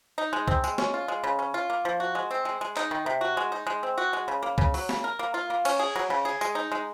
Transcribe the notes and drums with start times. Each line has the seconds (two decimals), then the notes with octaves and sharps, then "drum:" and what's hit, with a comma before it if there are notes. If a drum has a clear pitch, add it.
0.18 D#4
0.33 G#3
0.48 C4, drum: kick C#2
0.64 G#3, drum: tambourine
0.78 C#4, drum: snare
0.94 F4
1.08 G#3
1.24 C#3
1.39 C#4
1.54 F4
1.70 A#3
1.85 F3
2.00 F#4
2.15 G#3
2.31 C4
2.45 G#3
2.61 G#3
2.77 D#4, drum: clap
2.91 D#3
3.06 C3
3.21 F#4
3.37 G#3
3.52 D#4
3.67 G#3
3.83 C4
3.98 F#4
4.13 G#3
4.28 C#3
4.43 A#3
4.58 C#3, drum: kick C#2
4.74 F#3, drum: open hi-hat
4.89 C#3, drum: snare
5.04 A#4
5.19 A#3
5.34 F4
5.50 A#3
5.65 C#4, drum: cymbal
5.79 G#4
5.96 F#3
6.10 C#3
6.25 G#4
6.41 G#3, drum: tambourine
6.55 D#4
6.72 G#3